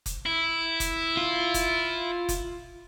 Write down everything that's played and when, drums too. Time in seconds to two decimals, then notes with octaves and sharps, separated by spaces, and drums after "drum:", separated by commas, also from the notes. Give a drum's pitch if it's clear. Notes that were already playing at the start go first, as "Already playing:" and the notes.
0.06 drum: kick F1, hi-hat
0.26 E4
0.80 drum: kick F1, hi-hat
1.17 F4
1.54 drum: kick F1, hi-hat
2.29 drum: kick F1, hi-hat